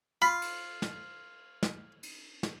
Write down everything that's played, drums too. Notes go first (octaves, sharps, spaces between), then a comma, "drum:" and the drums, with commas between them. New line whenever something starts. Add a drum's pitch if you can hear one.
F4 B5
drum: cymbal
drum: snare
drum: snare
drum: cymbal
drum: snare